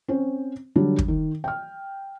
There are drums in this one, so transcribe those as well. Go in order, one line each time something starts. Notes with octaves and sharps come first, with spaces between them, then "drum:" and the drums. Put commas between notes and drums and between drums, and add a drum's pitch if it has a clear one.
C4 C#4
D3 F#3 G3 D4
drum: kick
D#3
G5 F6